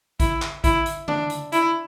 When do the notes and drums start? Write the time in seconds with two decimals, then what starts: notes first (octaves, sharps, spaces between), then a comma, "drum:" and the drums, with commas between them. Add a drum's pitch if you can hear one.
0.20 E4, drum: kick A1, hi-hat
0.42 drum: clap
0.64 E4, drum: kick A1, hi-hat
0.86 drum: hi-hat
1.08 D4, drum: tom C#3
1.30 drum: hi-hat
1.52 E4, drum: hi-hat